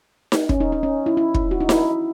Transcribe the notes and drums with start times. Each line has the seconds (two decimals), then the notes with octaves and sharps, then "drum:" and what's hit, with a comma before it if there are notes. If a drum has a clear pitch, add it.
0.32 drum: snare D#4
0.49 C#4, drum: kick
0.60 D#4
0.72 D#4
0.83 C#4
1.06 E4
1.17 E4
1.34 drum: kick
1.51 F#4
1.60 D#4
1.69 E4, drum: snare D#4